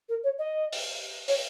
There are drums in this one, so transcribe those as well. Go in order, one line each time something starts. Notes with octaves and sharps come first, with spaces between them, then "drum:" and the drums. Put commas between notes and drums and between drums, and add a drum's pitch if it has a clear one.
A#4
C#5
D#5
drum: open hi-hat
C#5, drum: open hi-hat